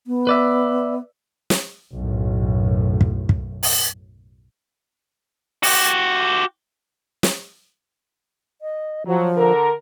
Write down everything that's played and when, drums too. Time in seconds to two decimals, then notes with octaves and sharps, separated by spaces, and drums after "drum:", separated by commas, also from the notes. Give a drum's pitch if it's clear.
0.07 B3
0.27 B4 D5 E5
1.50 drum: snare
1.95 B1 F#2 A2
3.01 drum: kick
3.29 drum: kick
3.63 drum: open hi-hat
5.63 F#4 G4, drum: open hi-hat
7.23 drum: snare
8.61 D#5
9.06 F3 F#3
9.37 D3 A#4